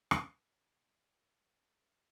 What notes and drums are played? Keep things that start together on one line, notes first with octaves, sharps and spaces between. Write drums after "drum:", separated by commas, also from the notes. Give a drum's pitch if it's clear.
drum: rim click
D#5
D#5